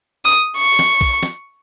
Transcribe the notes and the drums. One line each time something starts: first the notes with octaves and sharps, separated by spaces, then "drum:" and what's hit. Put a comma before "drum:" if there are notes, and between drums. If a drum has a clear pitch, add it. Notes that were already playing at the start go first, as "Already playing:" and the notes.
D#6
C#6
drum: snare
drum: kick B1
drum: snare